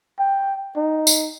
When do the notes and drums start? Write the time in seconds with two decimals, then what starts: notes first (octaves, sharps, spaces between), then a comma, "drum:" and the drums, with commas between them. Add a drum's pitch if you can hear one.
0.20 G5
0.76 D#4
1.07 drum: tambourine